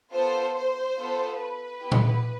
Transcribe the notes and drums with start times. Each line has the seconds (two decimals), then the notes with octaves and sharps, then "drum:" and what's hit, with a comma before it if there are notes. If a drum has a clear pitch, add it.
0.13 B3 F4 A4 C5
0.55 C5
0.97 B3 F4 A4
1.39 B4
1.81 B3 E4 G4
1.92 drum: tom A#2